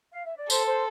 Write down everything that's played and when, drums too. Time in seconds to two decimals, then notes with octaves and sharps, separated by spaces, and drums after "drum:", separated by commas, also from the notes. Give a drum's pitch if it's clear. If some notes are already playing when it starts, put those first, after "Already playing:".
0.12 F5
0.25 E5
0.37 D5
0.50 A4 C5, drum: tambourine
0.66 C5